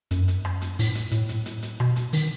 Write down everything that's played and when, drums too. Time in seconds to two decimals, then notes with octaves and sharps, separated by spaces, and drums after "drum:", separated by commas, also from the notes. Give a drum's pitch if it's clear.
0.11 F#2, drum: hi-hat
0.28 drum: hi-hat
0.45 drum: rim click
0.62 drum: hi-hat
0.79 A2, drum: open hi-hat
0.95 drum: hi-hat
1.11 A2, drum: hi-hat
1.29 drum: hi-hat
1.46 drum: hi-hat
1.63 drum: hi-hat
1.80 B2, drum: rim click
1.96 drum: hi-hat
2.13 D#3, drum: open hi-hat